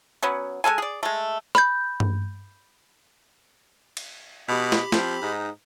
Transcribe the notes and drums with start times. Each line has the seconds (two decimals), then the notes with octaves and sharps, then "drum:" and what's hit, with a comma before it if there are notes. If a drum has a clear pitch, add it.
0.23 F#3 B3 C#4
0.64 G#3 D4 A4 G#5
0.78 G#4 D5
1.03 G#3 A3
1.55 B5 G6, drum: rim click
2.00 drum: tom G2
3.97 drum: cymbal
4.48 B2 G4 D#5 B5 B6
4.72 drum: snare
4.92 F3 C4, drum: snare
5.22 G#2 D#4